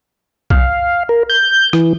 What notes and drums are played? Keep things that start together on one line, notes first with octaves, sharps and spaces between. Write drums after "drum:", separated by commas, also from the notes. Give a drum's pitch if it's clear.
F5, drum: kick B1
A#4
G6
E3, drum: rim click